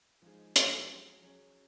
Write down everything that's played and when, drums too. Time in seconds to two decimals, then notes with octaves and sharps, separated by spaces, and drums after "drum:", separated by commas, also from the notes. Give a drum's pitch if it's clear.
0.22 F3 G#3 D#4 G#4
0.56 F3 G#3 D#4 F#4, drum: hi-hat
0.89 F#3 C#4 G#4
1.22 F#3 C#4 G#4